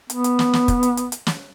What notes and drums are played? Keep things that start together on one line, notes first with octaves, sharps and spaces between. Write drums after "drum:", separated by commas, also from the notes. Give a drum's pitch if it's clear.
B3, drum: hi-hat
drum: hi-hat
drum: snare
drum: snare
drum: kick, hi-hat
drum: hi-hat
drum: hi-hat
drum: hi-hat
drum: snare